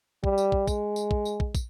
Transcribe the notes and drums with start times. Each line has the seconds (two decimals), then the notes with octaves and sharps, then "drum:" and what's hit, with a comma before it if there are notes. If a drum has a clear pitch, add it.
0.24 G3, drum: kick
0.38 drum: tambourine
0.52 drum: kick
0.67 G#3, drum: kick, tambourine
0.96 drum: tambourine
1.11 drum: kick
1.25 drum: tambourine
1.40 drum: kick
1.55 drum: kick, tambourine